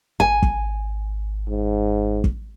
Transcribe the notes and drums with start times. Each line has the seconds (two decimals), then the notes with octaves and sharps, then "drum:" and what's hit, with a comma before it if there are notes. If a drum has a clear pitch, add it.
0.20 G#1 G#5
0.42 drum: kick
1.48 G#2
2.24 drum: kick